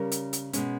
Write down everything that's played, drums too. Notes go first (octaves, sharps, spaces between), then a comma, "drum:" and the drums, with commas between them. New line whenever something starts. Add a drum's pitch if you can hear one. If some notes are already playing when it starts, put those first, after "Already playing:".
Already playing: C#3 G3 C#4 A#4
drum: hi-hat
drum: hi-hat
B2 G#3 C#4, drum: hi-hat